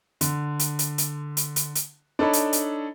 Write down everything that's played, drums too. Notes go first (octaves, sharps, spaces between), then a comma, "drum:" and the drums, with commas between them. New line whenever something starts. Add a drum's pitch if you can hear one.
D3, drum: hi-hat
drum: hi-hat
drum: hi-hat
drum: hi-hat
drum: hi-hat
drum: hi-hat
drum: hi-hat
D4 D#4 A4 C#5 B5
drum: hi-hat
drum: hi-hat